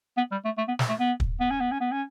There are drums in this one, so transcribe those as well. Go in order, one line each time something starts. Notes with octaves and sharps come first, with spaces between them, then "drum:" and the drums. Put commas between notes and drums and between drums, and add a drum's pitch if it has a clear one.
B3
G3
A3
A3
B3
drum: snare
A3
B3
drum: kick
B3
C#4
B3
C#4
B3
C#4